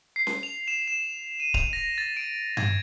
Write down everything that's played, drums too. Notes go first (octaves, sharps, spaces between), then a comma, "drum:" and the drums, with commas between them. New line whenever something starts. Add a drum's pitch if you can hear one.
C7
drum: snare C#4
F7
E7
E7
D#7
F7, drum: kick D1
A#6
A6
D7
G#6, drum: tom G2